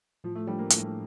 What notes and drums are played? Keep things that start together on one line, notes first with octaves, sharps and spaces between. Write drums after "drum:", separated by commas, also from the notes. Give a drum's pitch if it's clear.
A2 F3
A3
F3 G3 A3 D4
A#3
A2 A3, drum: hi-hat
G3
A3